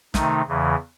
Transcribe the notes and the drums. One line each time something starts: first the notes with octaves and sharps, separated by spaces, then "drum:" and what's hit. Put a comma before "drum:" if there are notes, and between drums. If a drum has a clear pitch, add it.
C3 D#3 A3 D#4, drum: snare
E2 C#3 E3